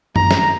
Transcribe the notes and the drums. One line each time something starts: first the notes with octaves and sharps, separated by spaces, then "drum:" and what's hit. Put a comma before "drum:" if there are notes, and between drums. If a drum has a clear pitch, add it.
A#5, drum: tom F#2
drum: snare